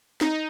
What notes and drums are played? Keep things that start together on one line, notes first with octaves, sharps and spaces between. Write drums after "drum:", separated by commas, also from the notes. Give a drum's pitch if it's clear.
D#4, drum: snare